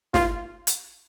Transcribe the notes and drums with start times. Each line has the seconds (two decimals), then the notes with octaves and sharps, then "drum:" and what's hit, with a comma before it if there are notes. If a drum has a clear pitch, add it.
0.14 F4, drum: snare
0.67 drum: hi-hat